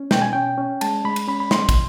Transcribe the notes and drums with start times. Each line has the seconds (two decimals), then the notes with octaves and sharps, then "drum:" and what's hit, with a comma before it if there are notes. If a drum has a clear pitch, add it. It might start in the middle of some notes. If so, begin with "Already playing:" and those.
Already playing: C#4
0.11 B2 G5, drum: snare
0.22 G#5
0.33 C#4 G5
0.58 C#4
0.81 G#3 A5, drum: cymbal
1.04 G#3 B5
1.16 drum: cymbal
1.28 C#4 B5
1.40 B5
1.51 E4 C6, drum: snare
1.69 drum: kick, cymbal